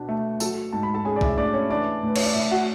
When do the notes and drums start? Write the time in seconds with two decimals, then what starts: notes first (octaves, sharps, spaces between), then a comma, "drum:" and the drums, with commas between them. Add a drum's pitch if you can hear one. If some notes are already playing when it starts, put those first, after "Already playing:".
Already playing: B2 D4
0.09 A3
0.40 F#3 A4 A5, drum: tambourine
0.72 G#2 A5
0.83 B5
0.94 A4 A5
1.05 C#4 G#4 G#5
1.16 D5
1.21 E4 E5, drum: kick
1.37 A3 D4 D5
1.54 C#4 C#5
1.70 E3 D4 D5
2.03 A2 B4
2.16 C#5, drum: cymbal
2.25 D5
2.35 A2 E4 E5
2.51 F#4 F#5